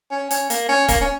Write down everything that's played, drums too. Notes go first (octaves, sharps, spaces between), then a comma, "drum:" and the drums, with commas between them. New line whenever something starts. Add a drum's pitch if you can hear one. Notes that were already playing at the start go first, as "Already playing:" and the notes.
C#4
C#4, drum: hi-hat
A#3, drum: hi-hat
C#4
A#3, drum: kick, hi-hat
C#4